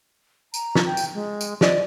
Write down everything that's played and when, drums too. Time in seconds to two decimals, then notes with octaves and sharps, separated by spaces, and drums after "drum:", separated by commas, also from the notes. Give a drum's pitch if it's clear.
0.54 A#5, drum: tambourine
0.75 drum: snare
0.86 G5
0.97 drum: tambourine
1.14 G#3
1.41 drum: tambourine
1.61 G4 C5 D5 D#5, drum: snare